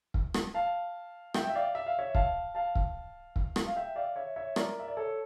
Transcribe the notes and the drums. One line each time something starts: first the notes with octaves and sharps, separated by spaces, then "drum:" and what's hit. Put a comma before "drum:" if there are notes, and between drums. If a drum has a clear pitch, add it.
drum: kick
drum: rim click
F5 A5
E5 G5, drum: rim click
E5
D5 F5
E5
F5
C#5 E5
F5 A5, drum: kick
F5 A5
drum: kick
drum: kick
drum: rim click
F5
E5 G5
D5 F5
C#5 E5
C#5 E5
A#4 D5, drum: rim click
E5
D5
A4 C#5